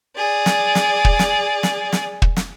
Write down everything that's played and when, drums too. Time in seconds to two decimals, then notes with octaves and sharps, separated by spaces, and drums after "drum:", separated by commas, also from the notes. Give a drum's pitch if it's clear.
0.17 G#4 D5
0.46 drum: snare
0.75 drum: snare
1.05 drum: kick
1.19 drum: snare
1.63 drum: snare
1.93 drum: snare
2.22 drum: kick
2.37 drum: snare